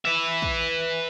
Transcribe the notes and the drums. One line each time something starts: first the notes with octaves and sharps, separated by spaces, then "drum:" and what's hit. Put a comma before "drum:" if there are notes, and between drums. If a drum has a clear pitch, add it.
B4 E5
drum: kick